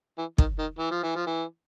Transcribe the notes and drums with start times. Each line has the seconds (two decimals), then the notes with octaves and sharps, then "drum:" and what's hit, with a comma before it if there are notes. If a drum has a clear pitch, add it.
0.18 E3
0.38 D#3, drum: kick
0.59 D#3
0.79 E3
0.91 F3
1.03 E3
1.16 F3
1.27 E3